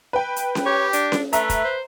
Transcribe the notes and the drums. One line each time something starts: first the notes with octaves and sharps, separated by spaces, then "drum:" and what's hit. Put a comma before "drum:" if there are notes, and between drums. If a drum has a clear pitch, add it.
B4 G5
drum: hi-hat
drum: snare C#4
G4 C#5
D4, drum: hi-hat
drum: snare C#4
A3 B4 E5 A#5, drum: hi-hat
drum: kick, hi-hat
C5